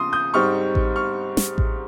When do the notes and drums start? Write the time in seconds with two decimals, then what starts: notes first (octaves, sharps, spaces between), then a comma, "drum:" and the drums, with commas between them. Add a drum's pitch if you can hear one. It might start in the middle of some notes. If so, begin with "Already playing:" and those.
Already playing: D#2 C#3 F3 C6 D#6
0.13 D#6 G6
0.34 G#2 G3 C4 D#4 C#6 F6
0.75 drum: kick A1
0.96 C#6 F6
1.37 drum: snare
1.58 drum: kick A1